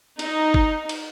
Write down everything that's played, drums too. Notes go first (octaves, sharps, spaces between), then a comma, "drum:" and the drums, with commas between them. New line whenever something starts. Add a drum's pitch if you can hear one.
D#4, drum: cymbal
drum: kick
drum: cymbal